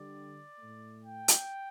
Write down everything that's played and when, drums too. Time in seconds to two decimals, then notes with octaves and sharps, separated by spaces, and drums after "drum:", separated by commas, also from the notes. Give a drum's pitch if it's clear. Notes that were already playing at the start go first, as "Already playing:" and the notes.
Already playing: D3 G3 D5
0.59 A2 A3
1.03 G5
1.28 drum: hi-hat